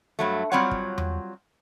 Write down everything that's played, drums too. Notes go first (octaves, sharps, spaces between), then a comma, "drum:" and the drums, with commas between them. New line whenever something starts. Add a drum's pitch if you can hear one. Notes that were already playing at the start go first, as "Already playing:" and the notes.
G2 F#3 A3
F#3 G3 C4 F4 C#5 F#5
drum: kick
drum: tom E2